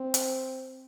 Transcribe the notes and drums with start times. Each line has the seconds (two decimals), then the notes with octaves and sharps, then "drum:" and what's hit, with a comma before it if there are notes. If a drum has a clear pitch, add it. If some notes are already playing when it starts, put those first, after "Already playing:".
Already playing: C4
0.14 drum: hi-hat